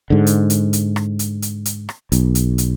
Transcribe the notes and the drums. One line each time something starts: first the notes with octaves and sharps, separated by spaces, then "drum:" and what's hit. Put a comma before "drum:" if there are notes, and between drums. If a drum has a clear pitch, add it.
G#2 D3
drum: hi-hat
drum: hi-hat
drum: hi-hat
drum: rim click
drum: hi-hat
drum: hi-hat
drum: hi-hat
drum: rim click
B1, drum: hi-hat
drum: hi-hat
drum: hi-hat